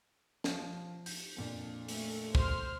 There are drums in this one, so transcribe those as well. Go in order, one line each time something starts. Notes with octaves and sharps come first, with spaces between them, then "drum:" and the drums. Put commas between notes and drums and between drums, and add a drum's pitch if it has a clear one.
F3, drum: snare
G6, drum: open hi-hat
F2 A#2 D4
A3, drum: open hi-hat
C5 C6 F6, drum: kick